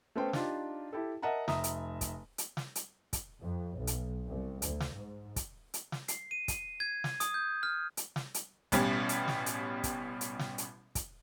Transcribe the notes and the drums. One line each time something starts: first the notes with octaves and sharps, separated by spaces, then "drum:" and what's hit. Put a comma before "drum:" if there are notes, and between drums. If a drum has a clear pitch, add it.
A3 B3 C#4 C5 G5
D4 D#4 F4 G4, drum: snare
E4 G4 A4
A#4 D#5 E5 F#5 A5 A#5
F1 E5 A#5 D#6, drum: snare
drum: hi-hat
drum: kick, hi-hat
drum: hi-hat
drum: snare
drum: hi-hat
drum: kick, hi-hat
F2
B1
drum: hi-hat
C2
D2, drum: hi-hat
drum: snare
G#2
drum: kick, hi-hat
drum: hi-hat
drum: snare
C7, drum: hi-hat
D#7
drum: kick, hi-hat
G#6
drum: snare
D#6, drum: hi-hat
G6
F6
drum: hi-hat
drum: snare
drum: hi-hat
A1 B2 G3 C#4, drum: kick, hi-hat
drum: hi-hat
drum: snare
drum: hi-hat
drum: kick, hi-hat
drum: hi-hat
drum: snare
drum: hi-hat
drum: kick, hi-hat